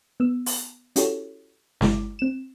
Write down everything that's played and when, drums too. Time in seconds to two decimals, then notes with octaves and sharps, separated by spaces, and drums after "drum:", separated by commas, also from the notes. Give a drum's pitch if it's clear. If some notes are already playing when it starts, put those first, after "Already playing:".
0.20 B3 E6
0.46 drum: open hi-hat
0.96 C#4 E4 F#4 G4 A4 C#5, drum: hi-hat
1.81 G1 G#3 E4 D6, drum: snare
2.19 C4 E7